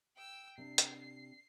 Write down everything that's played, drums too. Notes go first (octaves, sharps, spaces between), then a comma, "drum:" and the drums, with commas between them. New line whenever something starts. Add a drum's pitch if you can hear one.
G5 E6
C3 D4 C7
drum: hi-hat